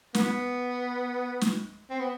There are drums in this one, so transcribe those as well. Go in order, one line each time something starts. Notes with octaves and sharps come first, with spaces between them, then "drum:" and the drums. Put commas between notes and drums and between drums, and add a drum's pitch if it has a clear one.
B3, drum: snare
drum: snare
C4
B3